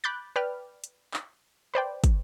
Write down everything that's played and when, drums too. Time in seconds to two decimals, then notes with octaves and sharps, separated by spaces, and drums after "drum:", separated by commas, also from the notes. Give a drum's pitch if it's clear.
0.04 B5 D6 F#6 G6 A6
0.36 B4 D5 G5 F6
0.84 drum: hi-hat
1.14 drum: clap
1.74 B4 C5 D5 G5
2.04 drum: kick, hi-hat